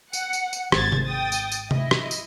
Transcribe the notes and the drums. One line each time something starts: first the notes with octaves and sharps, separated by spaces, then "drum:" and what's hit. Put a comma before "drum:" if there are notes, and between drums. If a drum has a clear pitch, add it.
F#5, drum: tambourine
drum: tambourine
drum: tambourine
G#1 G#3 C5 G#6 A6, drum: rim click
drum: tom C3
G5 D#6 A6
drum: tambourine
drum: tambourine
E4 D#5, drum: tom C3
drum: rim click
drum: tambourine